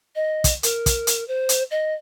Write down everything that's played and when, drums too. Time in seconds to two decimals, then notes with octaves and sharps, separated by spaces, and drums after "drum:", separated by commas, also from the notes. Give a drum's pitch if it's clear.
0.16 D#5
0.44 drum: kick, hi-hat
0.63 A#4, drum: hi-hat
0.86 drum: kick, hi-hat
1.07 drum: hi-hat
1.28 C5
1.49 drum: hi-hat
1.71 D#5